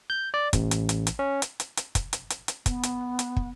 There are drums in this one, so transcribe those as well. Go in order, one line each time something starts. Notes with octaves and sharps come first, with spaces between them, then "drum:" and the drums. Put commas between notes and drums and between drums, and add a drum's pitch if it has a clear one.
G6
D5
A1, drum: kick, hi-hat
drum: hi-hat
drum: hi-hat
drum: hi-hat
C#4
drum: hi-hat
drum: hi-hat
drum: hi-hat
drum: kick, hi-hat
drum: hi-hat
drum: hi-hat
drum: hi-hat
B3, drum: kick, hi-hat
drum: hi-hat
drum: hi-hat
drum: kick